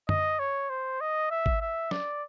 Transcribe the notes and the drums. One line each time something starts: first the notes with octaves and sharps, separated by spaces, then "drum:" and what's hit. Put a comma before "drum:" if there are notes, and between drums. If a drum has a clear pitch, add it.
D#5, drum: tom F#2
C#5
C5
D#5
E5
drum: kick G#1
E5
D5, drum: snare